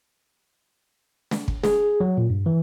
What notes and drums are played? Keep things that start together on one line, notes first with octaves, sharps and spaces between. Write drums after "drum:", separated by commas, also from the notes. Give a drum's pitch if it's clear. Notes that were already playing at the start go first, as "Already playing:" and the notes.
drum: snare
drum: kick
G#4, drum: snare
F#3
A#2
G2
E3